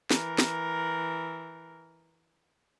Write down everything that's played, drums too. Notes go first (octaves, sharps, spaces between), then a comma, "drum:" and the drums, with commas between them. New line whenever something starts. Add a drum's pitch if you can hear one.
E3 A#4, drum: snare
drum: snare